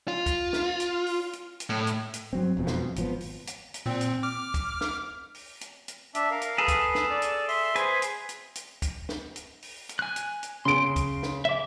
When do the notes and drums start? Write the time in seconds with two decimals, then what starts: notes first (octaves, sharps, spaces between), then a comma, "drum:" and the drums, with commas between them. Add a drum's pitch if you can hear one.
0.08 F4
0.26 drum: kick, hi-hat
0.53 drum: snare
0.80 drum: hi-hat
1.06 drum: open hi-hat
1.33 drum: hi-hat
1.60 drum: hi-hat
1.70 A2
1.87 drum: hi-hat
2.13 drum: hi-hat
2.33 G2 F#3 C4
2.57 E1 F2 B2 F3
2.67 drum: snare
2.96 G#1 F3 B3, drum: hi-hat
3.20 drum: open hi-hat
3.47 drum: hi-hat
3.74 drum: hi-hat
3.86 A#2 C4
4.01 drum: hi-hat
4.23 D6 F6
4.54 drum: kick, hi-hat
4.81 drum: snare
5.34 drum: open hi-hat
5.61 drum: hi-hat
5.88 drum: hi-hat
6.15 D4 E5, drum: hi-hat
6.31 A#4 F5
6.41 drum: hi-hat
6.58 G#4 A4 B4
6.68 drum: kick, hi-hat
6.95 drum: snare
7.10 D5
7.22 drum: hi-hat
7.48 E5 C6, drum: open hi-hat
7.76 G#4 B4 C5 G#5, drum: hi-hat
8.02 drum: hi-hat
8.29 drum: hi-hat
8.55 drum: hi-hat
8.82 drum: kick, hi-hat
9.09 drum: snare
9.36 drum: hi-hat
9.62 drum: open hi-hat
9.89 drum: hi-hat
9.99 G#5 F#6
10.16 drum: hi-hat
10.43 drum: hi-hat
10.65 C#3 C6 D7
10.96 drum: kick, hi-hat
11.23 drum: snare
11.45 E5 D6